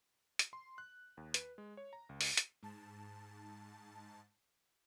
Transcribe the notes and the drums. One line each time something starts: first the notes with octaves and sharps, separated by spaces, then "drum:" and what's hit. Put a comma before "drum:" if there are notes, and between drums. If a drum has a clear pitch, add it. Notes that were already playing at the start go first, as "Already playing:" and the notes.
drum: hi-hat
C6
F#6
D#2
B4, drum: hi-hat
G#3
C#5
A#5
C#2
drum: open hi-hat
drum: hi-hat
G#2 A5